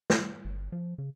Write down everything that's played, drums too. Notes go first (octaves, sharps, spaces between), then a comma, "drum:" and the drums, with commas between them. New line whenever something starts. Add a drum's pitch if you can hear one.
drum: snare
G1
F3
C#3